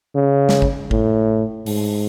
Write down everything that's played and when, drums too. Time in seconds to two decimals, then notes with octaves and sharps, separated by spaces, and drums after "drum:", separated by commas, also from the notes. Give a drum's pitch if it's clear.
0.15 C#3
0.49 drum: snare
0.62 drum: kick G#1
0.91 A2, drum: kick G#1
1.66 G#2, drum: open hi-hat